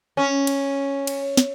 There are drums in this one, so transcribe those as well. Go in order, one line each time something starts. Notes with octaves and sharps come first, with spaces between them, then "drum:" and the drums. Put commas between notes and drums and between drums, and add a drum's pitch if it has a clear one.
C#4
drum: cymbal
drum: cymbal
drum: snare